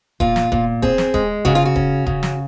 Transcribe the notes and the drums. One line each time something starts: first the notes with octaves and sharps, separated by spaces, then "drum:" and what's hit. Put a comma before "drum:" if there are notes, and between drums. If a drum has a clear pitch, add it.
A#2 F4, drum: kick D#1
drum: snare
A#2, drum: kick D#1
C4 G#4, drum: kick D#1
drum: snare
G#3, drum: kick D#1
C#3 F#4, drum: kick D#1
F4
F#4
C#4, drum: kick D#1
C#3, drum: kick D#1
drum: snare